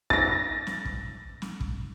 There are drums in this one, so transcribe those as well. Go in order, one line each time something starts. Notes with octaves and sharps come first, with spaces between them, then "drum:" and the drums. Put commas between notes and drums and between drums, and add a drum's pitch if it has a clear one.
A6 A#6, drum: kick
drum: snare
drum: kick
drum: snare
drum: kick